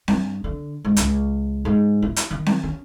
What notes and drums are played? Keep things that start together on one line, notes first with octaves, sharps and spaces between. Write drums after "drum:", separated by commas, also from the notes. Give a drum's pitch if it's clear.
G2, drum: snare C4
D3
G#2
C#2, drum: hi-hat
G#2
E4
drum: hi-hat
D#3
drum: snare C4
C#4